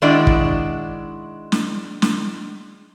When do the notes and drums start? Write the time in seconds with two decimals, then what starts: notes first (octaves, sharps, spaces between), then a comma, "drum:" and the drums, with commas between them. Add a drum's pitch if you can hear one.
0.02 D#3 G#3 D4 E4 F#4 D5
0.27 drum: kick
1.52 drum: snare
2.02 drum: snare